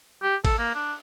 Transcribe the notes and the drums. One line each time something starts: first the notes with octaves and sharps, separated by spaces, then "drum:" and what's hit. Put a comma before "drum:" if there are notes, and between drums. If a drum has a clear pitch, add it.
G4
A4, drum: kick G#1, cymbal
A#3
D4